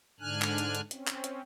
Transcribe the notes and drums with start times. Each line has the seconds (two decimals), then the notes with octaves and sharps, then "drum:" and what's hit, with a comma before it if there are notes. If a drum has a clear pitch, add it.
0.20 G#2 D3 D4 G#5 F6 F#6
0.42 drum: clap
0.58 drum: hi-hat
0.75 drum: hi-hat
0.91 C4 C#4, drum: hi-hat
1.07 drum: clap
1.24 drum: hi-hat